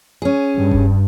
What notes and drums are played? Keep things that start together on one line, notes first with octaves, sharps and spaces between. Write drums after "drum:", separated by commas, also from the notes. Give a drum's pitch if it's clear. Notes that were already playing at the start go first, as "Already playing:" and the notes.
C#4 G#4
G2
drum: kick E1